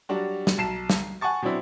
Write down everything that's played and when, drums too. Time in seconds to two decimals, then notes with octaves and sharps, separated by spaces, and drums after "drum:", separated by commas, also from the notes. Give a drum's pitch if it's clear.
0.09 F#3 G3 D4 F#4
0.47 drum: snare
0.58 B1 A5 C7 E7
0.90 drum: snare
1.21 F#5 G#5 A5 C#6 A6
1.42 B2 F#3 C4 D4 E4